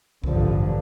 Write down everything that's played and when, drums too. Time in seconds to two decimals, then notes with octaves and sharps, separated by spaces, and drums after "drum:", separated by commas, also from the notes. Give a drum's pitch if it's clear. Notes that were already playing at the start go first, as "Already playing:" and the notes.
0.24 A1 G2 D3 F3, drum: kick